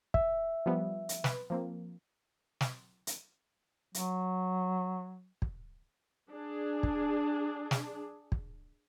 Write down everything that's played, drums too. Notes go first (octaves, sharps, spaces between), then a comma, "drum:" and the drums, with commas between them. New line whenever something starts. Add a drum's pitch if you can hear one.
E5, drum: kick
F3 G3 B3
drum: hi-hat
B4, drum: snare
F3 A#3 C4
drum: snare
drum: hi-hat
F#3, drum: hi-hat
drum: kick
D4 G#4
drum: kick
drum: snare
drum: kick